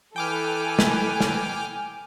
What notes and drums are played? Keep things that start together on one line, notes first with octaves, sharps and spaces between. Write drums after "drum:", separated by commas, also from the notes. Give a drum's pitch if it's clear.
E3 A4 B4 G5 G#5 D6 F6
drum: snare
drum: snare